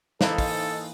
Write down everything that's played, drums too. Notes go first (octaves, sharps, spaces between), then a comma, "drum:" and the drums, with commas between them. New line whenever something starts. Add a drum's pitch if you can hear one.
E3 A#3 D#4 A4 C5 F5, drum: snare
drum: kick, open hi-hat